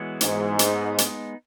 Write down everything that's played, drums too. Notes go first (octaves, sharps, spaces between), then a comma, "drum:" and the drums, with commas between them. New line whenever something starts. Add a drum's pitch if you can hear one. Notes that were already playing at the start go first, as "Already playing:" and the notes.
Already playing: E3 G#3 B3 F#4 C#5
G#2, drum: hi-hat
G#3 B3 D#4, drum: hi-hat
drum: hi-hat